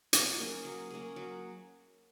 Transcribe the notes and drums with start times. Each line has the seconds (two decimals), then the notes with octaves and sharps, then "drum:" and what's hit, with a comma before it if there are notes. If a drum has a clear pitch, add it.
0.13 F#3, drum: hi-hat
0.39 A#3 C#4 G#4
0.65 F#3
0.90 A#3 C#4 G#4
1.16 F#3